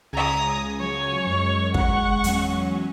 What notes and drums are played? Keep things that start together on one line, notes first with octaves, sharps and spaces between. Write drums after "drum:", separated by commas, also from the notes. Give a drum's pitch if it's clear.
C#2 C#3 G#5 A#5 D#6
F#3 C#5
F#2 G#3
F#5 C#6, drum: kick
E2 F#3 C#4, drum: hi-hat